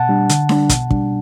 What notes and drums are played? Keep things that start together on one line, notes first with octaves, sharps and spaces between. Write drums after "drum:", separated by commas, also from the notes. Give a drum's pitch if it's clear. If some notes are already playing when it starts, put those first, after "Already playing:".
Already playing: B2 F#5 A5
G3 D4
D3, drum: hi-hat
G3 D4, drum: snare D4
B2, drum: kick, hi-hat
G3 D4, drum: kick